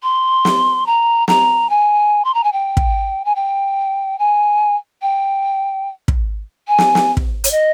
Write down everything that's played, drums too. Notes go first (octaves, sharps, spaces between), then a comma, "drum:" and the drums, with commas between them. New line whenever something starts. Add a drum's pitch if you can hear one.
C6
drum: snare
A#5
A#5, drum: snare
G#5
C6
A#5
G#5
G5
drum: kick
G#5
G5
G#5
G5
drum: kick
G#5
drum: snare
drum: snare
drum: kick
C#5, drum: hi-hat
D#5